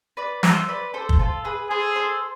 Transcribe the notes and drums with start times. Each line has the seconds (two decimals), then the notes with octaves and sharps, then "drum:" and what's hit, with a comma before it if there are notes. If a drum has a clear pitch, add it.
0.17 B4 D5
0.43 C5 E5, drum: snare
0.68 B4 D5
0.94 A4 C5
1.09 drum: kick
1.19 F4 A4
1.45 G#4 B4
1.70 G#4 A4 C5
1.96 A4 C5